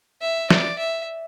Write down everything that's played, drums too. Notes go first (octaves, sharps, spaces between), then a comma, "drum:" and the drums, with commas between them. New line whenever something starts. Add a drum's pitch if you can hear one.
E5
D5, drum: snare
E5